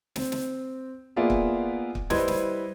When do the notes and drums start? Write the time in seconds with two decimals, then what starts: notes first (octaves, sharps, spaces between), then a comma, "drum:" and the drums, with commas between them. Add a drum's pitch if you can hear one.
0.16 C4, drum: snare
0.32 drum: snare
1.16 A#3 B3 F4 G#4 D5 E5
1.30 drum: kick
1.95 drum: kick
2.10 G3 E4 B4 C5 D#5 G#6, drum: snare
2.28 drum: snare